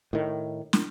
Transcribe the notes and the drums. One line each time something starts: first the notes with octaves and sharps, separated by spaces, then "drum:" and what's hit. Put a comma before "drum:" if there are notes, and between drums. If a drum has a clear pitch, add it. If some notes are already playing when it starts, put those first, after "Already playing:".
A2 D#3
drum: snare